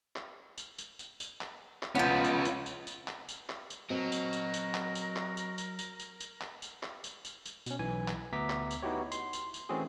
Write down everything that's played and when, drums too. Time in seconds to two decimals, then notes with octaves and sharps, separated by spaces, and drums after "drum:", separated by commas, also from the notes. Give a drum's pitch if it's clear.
0.16 drum: clap
0.58 drum: tambourine
0.78 drum: tambourine
0.99 drum: tambourine
1.20 drum: tambourine
1.41 drum: clap
1.83 drum: clap
1.95 F3 B3 C#4 F4
2.24 drum: tambourine
2.45 drum: tambourine
2.66 drum: tambourine
2.87 drum: tambourine
3.08 drum: clap
3.29 drum: tambourine
3.49 drum: clap
3.70 drum: tambourine
3.90 F#3 C4 F#4 A#4 D#5
4.12 drum: tambourine
4.33 drum: tambourine
4.54 drum: tambourine
4.74 drum: clap
4.95 drum: tambourine
5.16 drum: clap
5.37 drum: tambourine
5.58 drum: tambourine
5.79 drum: tambourine
6.00 drum: tambourine
6.20 drum: tambourine
6.41 drum: clap
6.62 drum: tambourine
6.83 drum: clap
7.04 drum: tambourine
7.25 drum: tambourine
7.46 drum: tambourine
7.66 B2 C#4, drum: tambourine
7.79 B1 E3 G#5
8.08 drum: clap
8.33 D2 B3 E5 A#5 D6 B6
8.50 drum: clap
8.71 drum: tambourine
8.82 B3 D#4 E4 F#4 G4 C#5
9.12 C6, drum: tambourine
9.33 drum: tambourine
9.54 drum: tambourine
9.69 E3 A3 C4 C#4 F#4 G#4